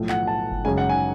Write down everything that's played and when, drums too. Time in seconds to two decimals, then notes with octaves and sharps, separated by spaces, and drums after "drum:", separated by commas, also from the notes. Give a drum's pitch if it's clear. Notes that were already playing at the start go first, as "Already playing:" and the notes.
Already playing: B1 A2 F3 A3
0.09 F#5, drum: clap
0.27 A5
0.51 drum: kick G1
0.65 F#2 C#3 G#3 G#5
0.78 F#5
0.89 G#5